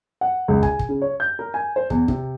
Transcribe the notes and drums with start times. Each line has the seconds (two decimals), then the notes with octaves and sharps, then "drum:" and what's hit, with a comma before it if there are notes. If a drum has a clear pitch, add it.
0.21 F#5
0.48 C#2
0.63 G#5, drum: kick
0.79 drum: kick
0.89 C#3
1.02 C#5
1.20 G6
1.39 A#4
1.54 G#5
1.76 C5
1.90 E2, drum: kick
2.08 C3, drum: kick